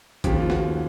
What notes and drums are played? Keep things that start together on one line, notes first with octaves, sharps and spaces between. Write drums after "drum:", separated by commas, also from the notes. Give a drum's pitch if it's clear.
D#2 C#3 F3 G4, drum: kick A1, hi-hat
F4
F#4, drum: snare A#3